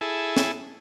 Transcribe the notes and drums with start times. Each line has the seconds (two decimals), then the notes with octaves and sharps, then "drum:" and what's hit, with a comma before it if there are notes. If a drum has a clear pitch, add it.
0.01 E4 G#4 A4
0.37 drum: snare